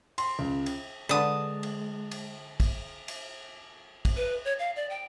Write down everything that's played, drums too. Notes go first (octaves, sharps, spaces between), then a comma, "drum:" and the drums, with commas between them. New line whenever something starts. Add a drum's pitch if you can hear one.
C6, drum: cymbal
C#2
drum: cymbal
D3 G#3 B4 A5 D#6
drum: cymbal
drum: cymbal
drum: kick, cymbal
drum: cymbal
drum: kick, cymbal
B4
C#5
F5
D5
G5